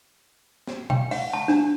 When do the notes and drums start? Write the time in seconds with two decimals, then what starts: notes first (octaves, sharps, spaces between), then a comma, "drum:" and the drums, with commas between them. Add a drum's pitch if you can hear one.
0.67 drum: snare
0.90 G5, drum: tom B2
1.11 F#5, drum: open hi-hat
1.33 A5
1.48 D4, drum: snare